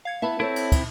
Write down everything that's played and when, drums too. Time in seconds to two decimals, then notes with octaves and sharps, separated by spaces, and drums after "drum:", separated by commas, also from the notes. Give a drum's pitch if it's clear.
0.05 F5 G#6 C#7
0.22 B3 E4 E5 A5 B5
0.40 C4 E4 A4 C#5
0.56 drum: cymbal
0.72 drum: kick, cymbal